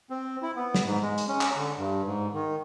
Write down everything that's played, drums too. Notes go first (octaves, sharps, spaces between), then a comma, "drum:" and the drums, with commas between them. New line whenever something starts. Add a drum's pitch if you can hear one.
C4
E4
B3
drum: snare
G#2
G#3
drum: hi-hat
C#4
drum: clap
D3
G2
G#2
D#3